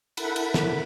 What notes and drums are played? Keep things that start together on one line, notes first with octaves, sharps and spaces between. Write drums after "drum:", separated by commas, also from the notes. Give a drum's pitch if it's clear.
E4 A4 A#4 F#5 B5, drum: cymbal
drum: cymbal
drum: snare